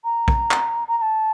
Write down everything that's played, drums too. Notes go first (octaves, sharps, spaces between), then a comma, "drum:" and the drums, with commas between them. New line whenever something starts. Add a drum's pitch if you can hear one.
A#5
drum: kick
drum: clap
A#5
A#5
A5